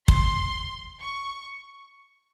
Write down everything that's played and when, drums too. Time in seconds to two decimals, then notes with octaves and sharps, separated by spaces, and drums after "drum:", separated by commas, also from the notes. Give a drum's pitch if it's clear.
0.08 C6, drum: kick
0.99 C#6